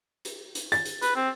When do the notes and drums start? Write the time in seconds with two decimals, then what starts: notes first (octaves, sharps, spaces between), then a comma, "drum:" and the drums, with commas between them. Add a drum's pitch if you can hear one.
0.25 drum: hi-hat
0.55 drum: hi-hat
0.72 A6, drum: hi-hat
0.85 drum: hi-hat
1.02 B4, drum: hi-hat
1.16 C4